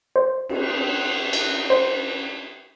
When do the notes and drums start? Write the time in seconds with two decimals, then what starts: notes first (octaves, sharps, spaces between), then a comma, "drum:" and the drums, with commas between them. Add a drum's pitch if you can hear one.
0.16 C5
0.49 drum: cymbal
1.33 drum: cymbal
1.70 C5